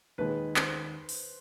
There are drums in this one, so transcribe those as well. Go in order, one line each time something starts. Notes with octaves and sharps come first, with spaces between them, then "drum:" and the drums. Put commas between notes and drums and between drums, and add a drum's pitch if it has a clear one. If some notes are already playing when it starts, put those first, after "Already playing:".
D#2 D#3 G#3 B4
C5, drum: clap
drum: open hi-hat